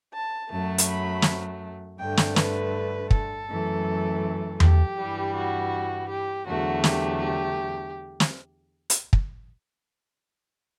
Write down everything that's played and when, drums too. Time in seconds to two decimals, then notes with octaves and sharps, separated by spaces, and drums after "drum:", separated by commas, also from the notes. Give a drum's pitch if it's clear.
0.13 A5
0.50 F#2 F#3 A3 A5
0.78 drum: hi-hat
0.88 B5
1.22 drum: snare
1.99 G2 D3 A3 G5
2.17 drum: snare
2.36 B4, drum: snare
3.11 A4, drum: kick
3.48 F#2 E3 A3
4.60 G4, drum: tom E2
4.98 G2 E3 G3
5.35 F#4
6.09 G4
6.47 E2 D3 F#3 A3 F#4
6.84 G4, drum: snare
7.22 G4
8.20 drum: snare
8.90 drum: hi-hat
9.13 drum: kick